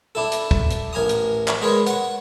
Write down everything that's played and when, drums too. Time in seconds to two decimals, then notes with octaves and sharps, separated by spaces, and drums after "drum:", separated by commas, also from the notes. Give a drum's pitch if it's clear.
0.15 D4 E4 A4
0.32 drum: hi-hat
0.51 drum: kick
0.70 drum: hi-hat
0.93 A1 A#4 G#5 A#5 D#6
1.09 drum: hi-hat
1.48 drum: clap
1.61 G#3 G#4 A#4 B4 C#5
1.86 F#5 C#6, drum: hi-hat